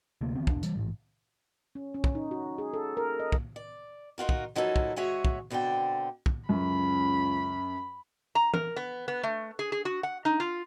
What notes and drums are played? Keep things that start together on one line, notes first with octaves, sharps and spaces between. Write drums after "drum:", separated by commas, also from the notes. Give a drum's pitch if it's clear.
D2 C3 A#3
D#3 E3 B3 C4
E1 D4, drum: kick
E3 G3, drum: hi-hat
A1 G#2
C#4
C#4
drum: kick
D#4
F#4
G#4
A4
A#4
D#5
drum: kick
D5
D#4 F4 F#4 A#4
drum: kick
F3 F#3 D#4 E4 A4 A#4
drum: kick
G#3 C#4 F#4 G#4 C#5 E5
drum: kick
B2 D3 C4 D5 G5
drum: kick
C#2 F#2 B5
A#5
A#4, drum: tom E3
B3
B3
A3
G#4
G#4
F#4
F#5
D#4
F4